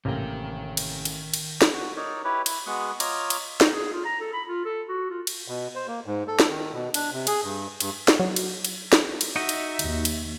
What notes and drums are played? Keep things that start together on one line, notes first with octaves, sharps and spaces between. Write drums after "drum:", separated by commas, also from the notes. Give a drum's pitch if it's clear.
A1 C3 D#3 A#3 G5 A#5
drum: cymbal
drum: cymbal
drum: cymbal
drum: snare
F#4
D#4 A#4 C#5 D5
E4 G4 B4 C#5
E4, drum: cymbal
G#3 B3 F#4 F#5 D#6
F4 C#5 D#5 A#5 D6 F6, drum: cymbal
drum: cymbal
D#4, drum: snare
G#4
F4
A#5
A4
B5
F4
A4
F#4
F4
drum: cymbal
B2
C5
A#3
G#2
A4
drum: snare
D#3
B2
D4, drum: cymbal
C3
G#4, drum: cymbal
G2
G2, drum: cymbal
drum: snare
F#3
drum: cymbal
drum: cymbal
drum: snare
drum: cymbal
D#4 F#4 D#5 E5
drum: cymbal
D#2, drum: cymbal
drum: cymbal